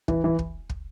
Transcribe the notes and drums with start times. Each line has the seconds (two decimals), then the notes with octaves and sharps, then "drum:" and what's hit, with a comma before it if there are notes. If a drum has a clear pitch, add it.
0.08 E3, drum: kick
0.24 E3
0.39 drum: kick
0.70 drum: kick